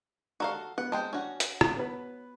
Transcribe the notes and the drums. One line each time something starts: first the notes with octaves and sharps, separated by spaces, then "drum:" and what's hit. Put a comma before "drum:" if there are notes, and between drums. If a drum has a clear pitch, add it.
F#4 A4 D5 F5 A#5 C#6
B3 F#5
G#3 C4 C5 G5 A5
C#4 D4 F#4 F#5
drum: hi-hat
drum: rim click
B3 B4